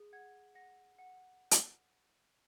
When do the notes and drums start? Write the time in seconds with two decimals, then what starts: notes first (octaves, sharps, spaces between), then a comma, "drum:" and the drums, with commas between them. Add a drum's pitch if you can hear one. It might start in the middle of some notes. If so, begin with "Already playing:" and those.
Already playing: G#4
0.13 F#5 G#6
0.55 F#5 A#6
0.98 F#5
1.51 drum: hi-hat